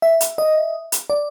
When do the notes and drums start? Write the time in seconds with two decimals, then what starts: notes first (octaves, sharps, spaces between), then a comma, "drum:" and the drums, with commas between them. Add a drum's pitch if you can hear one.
0.02 E5
0.21 drum: hi-hat
0.38 D#5
0.92 drum: hi-hat
1.10 D5